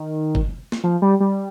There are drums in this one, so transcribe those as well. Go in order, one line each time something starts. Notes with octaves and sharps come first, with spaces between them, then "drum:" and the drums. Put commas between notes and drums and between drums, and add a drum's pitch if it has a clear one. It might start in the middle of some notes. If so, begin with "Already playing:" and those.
Already playing: D#3
drum: kick
drum: snare
F3
G3
G3